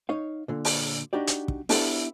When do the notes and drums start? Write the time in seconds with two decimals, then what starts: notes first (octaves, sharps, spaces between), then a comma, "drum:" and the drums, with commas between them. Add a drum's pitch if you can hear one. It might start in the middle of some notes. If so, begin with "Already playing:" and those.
0.09 D#4 C#5 F5
0.48 A#2 D3
0.65 drum: open hi-hat
1.13 D4 D#4 F#4 G4 D5
1.27 drum: hi-hat
1.48 drum: kick
1.69 B3 D4 E4 G4 A4 C5, drum: open hi-hat